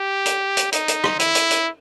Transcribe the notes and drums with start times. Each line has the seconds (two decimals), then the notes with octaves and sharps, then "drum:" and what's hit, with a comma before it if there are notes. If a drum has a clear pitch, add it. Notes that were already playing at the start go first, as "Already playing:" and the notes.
Already playing: G4
0.26 drum: hi-hat
0.57 drum: hi-hat
0.73 D#4, drum: hi-hat
0.88 drum: hi-hat
1.04 drum: rim click
1.20 E4, drum: hi-hat
1.35 drum: hi-hat
1.51 drum: hi-hat